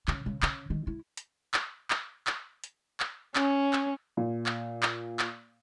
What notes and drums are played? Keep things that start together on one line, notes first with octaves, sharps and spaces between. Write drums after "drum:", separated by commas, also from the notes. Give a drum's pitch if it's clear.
C#3, drum: clap
C#3
C#3, drum: clap
D#3
E4
drum: hi-hat
drum: clap
drum: clap
drum: clap
drum: hi-hat
drum: clap
C#4, drum: clap
drum: clap
A#2
drum: clap
drum: clap
drum: clap